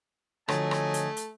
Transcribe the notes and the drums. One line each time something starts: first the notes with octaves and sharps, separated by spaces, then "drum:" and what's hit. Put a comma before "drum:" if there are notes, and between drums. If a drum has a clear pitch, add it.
D3 F3 F#3 A3 D#5 G#5, drum: rim click
drum: rim click
drum: hi-hat
drum: hi-hat